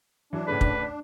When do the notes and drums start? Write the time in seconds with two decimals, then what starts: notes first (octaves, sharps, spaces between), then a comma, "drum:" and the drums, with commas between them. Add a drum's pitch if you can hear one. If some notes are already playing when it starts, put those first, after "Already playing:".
0.33 E3 F#3 D4
0.47 A2 C#3 A3 B4
0.61 drum: kick